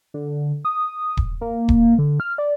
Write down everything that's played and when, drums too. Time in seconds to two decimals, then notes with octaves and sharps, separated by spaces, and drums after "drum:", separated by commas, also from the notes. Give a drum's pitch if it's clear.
0.14 D3
0.65 D#6
1.17 drum: kick D#1
1.41 A#3
1.69 drum: kick D#1
1.98 D3
2.20 F6
2.38 D5